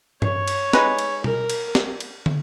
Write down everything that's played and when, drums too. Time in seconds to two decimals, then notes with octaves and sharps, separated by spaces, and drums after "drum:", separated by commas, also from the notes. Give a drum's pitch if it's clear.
0.22 C#5, drum: tom G2
0.48 drum: cymbal
0.73 G#3 D#4 G#4 B4, drum: snare
0.99 drum: cymbal
1.24 A#4, drum: tom B2
1.50 drum: cymbal
1.75 drum: snare
2.00 drum: cymbal
2.26 drum: tom